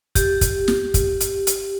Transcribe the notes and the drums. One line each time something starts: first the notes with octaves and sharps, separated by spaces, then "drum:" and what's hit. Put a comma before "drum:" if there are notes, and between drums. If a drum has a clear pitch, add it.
G4, drum: kick, hi-hat
drum: kick, hi-hat
drum: snare
drum: kick, hi-hat
drum: hi-hat
drum: hi-hat